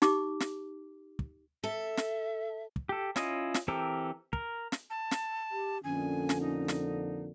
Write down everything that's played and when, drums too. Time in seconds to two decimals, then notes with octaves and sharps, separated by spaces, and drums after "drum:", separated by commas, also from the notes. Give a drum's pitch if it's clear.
0.02 D#4 G4 D6, drum: snare
0.40 drum: snare
1.19 drum: kick
1.64 A4 E5
1.97 drum: snare
2.76 drum: kick
2.89 G4 A4
3.16 C#4 E4 F4 D#5, drum: snare
3.54 drum: snare
3.68 E3 C4 G4 A4 A#4
4.33 A#4, drum: kick
4.72 drum: snare
4.90 A5
5.11 drum: snare
5.51 G4
5.84 F2 A#2 D3 C#4 G#5
6.29 drum: snare
6.41 D#4
6.68 drum: snare